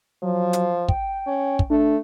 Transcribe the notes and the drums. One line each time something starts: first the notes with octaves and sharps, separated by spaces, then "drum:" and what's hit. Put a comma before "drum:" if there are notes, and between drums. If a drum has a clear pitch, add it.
F3 F#3
drum: hi-hat
G5, drum: kick
C#4
drum: kick
A3 D4